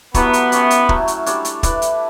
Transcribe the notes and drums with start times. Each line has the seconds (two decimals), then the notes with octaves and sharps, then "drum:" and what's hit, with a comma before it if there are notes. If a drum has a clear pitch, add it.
0.14 F#3 A3 B3 E4 G4, drum: kick, hi-hat
0.33 drum: hi-hat
0.52 A3 C#4 G4, drum: hi-hat
0.70 drum: hi-hat
0.89 F#3 A3 C#4, drum: kick
1.08 drum: hi-hat
1.26 G3 D4 A4 C#5, drum: hi-hat
1.45 drum: hi-hat
1.63 E4 B4 D5, drum: kick, hi-hat
1.82 drum: hi-hat